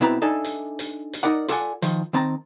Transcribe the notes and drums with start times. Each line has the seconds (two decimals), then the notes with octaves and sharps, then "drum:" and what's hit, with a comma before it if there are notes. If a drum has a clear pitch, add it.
0.01 B2 C4 E4 B4 A5 A#5
0.22 D4 D#4 A4 E5 G#5
0.44 drum: hi-hat
0.79 drum: hi-hat
1.13 drum: hi-hat
1.23 D#4 A#4 D5 F#5
1.48 F4 A4 D5 F#5 G#5, drum: hi-hat
1.82 D#3 F3, drum: hi-hat
2.13 D#3 C4 A5 A#5